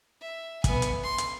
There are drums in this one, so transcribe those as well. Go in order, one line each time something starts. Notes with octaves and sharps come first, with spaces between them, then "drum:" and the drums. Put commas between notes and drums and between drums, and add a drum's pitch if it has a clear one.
E5
B3 G#5, drum: kick, hi-hat
drum: hi-hat
C6
drum: hi-hat